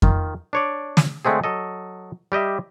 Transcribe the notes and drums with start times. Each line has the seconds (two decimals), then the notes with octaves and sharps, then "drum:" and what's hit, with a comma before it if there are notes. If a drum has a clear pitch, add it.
0.02 D#3 F4, drum: kick F2
0.53 D4 C#5 D5
0.97 drum: snare
1.25 D3 G#3 A3 C4 G#4
1.44 F#3 A4 D#5
2.32 G3 G4 D#5 E5